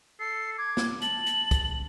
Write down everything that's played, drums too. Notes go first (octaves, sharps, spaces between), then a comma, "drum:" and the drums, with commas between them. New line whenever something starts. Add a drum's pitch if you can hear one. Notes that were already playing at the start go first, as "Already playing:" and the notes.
A4 C7
D6 G#6
drum: snare
A5 F#7, drum: hi-hat
drum: hi-hat
drum: kick, hi-hat